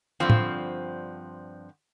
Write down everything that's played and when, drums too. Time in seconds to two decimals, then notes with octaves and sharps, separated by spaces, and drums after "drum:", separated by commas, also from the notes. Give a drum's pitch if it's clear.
0.20 G2 D3 F3 C4
0.30 drum: tom A2